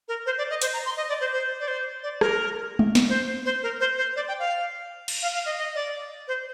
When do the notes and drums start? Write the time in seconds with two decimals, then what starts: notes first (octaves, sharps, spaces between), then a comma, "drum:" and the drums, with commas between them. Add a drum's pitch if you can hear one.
0.08 A#4
0.26 C5
0.38 D5
0.50 D#5
0.62 C5, drum: hi-hat
0.73 A#5
0.86 C6
0.97 D#5
1.09 D5
1.21 C5
1.32 C5
1.60 D5
1.68 C5
2.03 D5
2.21 A#4, drum: rim click
2.79 drum: tom G#3
2.95 drum: snare
3.09 C5
3.45 C5
3.63 A#4
3.80 C5
3.98 C5
4.16 D5
4.28 G5
4.39 F5
5.08 drum: cymbal
5.23 F5
5.34 F5
5.46 D#5
5.58 D#5
5.75 D5
6.28 C5